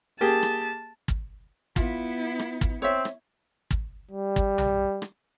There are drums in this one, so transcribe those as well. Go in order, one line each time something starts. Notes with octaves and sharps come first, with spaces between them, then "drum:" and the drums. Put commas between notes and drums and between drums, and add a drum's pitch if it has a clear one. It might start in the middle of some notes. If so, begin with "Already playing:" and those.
A#3 G4 G#4 A5
drum: rim click
drum: kick
B3 E4 F4, drum: kick
drum: rim click
drum: kick
C4 C#5 E5
drum: rim click
drum: kick
G3
drum: kick
drum: tom B1
drum: rim click